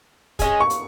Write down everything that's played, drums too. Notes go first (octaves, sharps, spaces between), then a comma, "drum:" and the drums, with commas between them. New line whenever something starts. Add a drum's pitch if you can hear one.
G#3 C#4 E4 G#4, drum: kick, hi-hat
C#6
drum: hi-hat